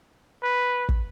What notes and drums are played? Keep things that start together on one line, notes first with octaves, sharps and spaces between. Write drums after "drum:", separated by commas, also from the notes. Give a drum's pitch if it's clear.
B4
drum: kick